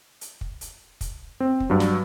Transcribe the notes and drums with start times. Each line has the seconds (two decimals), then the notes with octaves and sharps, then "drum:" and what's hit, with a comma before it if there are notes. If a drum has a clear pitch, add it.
0.21 drum: hi-hat
0.41 drum: kick
0.61 drum: hi-hat
1.01 drum: kick, hi-hat
1.40 C4
1.60 drum: kick
1.70 G2 F#3
1.80 drum: snare